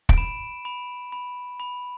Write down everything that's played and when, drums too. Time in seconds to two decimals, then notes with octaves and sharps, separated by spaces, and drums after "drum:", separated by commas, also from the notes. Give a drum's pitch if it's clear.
0.09 D7, drum: kick
0.18 B5 E7
0.65 B5
1.12 B5
1.60 B5